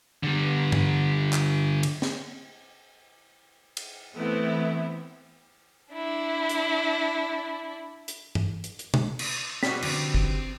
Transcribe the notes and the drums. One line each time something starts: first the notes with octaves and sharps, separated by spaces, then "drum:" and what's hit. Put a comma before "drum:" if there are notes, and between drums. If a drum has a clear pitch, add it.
D3 G3
drum: tom G2
drum: clap
drum: cymbal
drum: snare
drum: cymbal
E3 A3 B3 C4 E4
D4 E4
drum: hi-hat
drum: hi-hat
drum: tom G2
drum: hi-hat
drum: hi-hat
drum: tom
drum: cymbal
B2 G3 F#4 B6, drum: snare
D3 F3 C4 C#4 C5, drum: cymbal
drum: kick